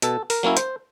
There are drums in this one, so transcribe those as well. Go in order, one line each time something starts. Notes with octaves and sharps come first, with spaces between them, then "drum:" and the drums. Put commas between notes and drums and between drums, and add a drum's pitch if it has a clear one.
B2 A4, drum: hi-hat
A#4, drum: open hi-hat
F#3 A#3 C#4 E4
C5, drum: hi-hat